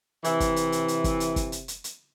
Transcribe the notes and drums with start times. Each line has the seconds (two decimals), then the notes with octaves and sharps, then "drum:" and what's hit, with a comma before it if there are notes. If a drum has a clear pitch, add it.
0.24 C3 E3, drum: hi-hat
0.40 drum: kick, hi-hat
0.56 drum: hi-hat
0.72 drum: hi-hat
0.88 drum: hi-hat
1.04 drum: kick, hi-hat
1.20 drum: hi-hat
1.36 drum: kick, hi-hat
1.52 drum: hi-hat
1.68 drum: hi-hat
1.84 drum: hi-hat